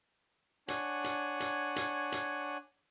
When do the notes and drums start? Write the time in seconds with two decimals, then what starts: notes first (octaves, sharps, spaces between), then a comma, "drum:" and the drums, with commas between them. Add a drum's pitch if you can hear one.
0.68 D4 C#5 F#5 G#5, drum: hi-hat
1.04 drum: hi-hat
1.40 drum: hi-hat
1.76 drum: hi-hat
2.12 drum: hi-hat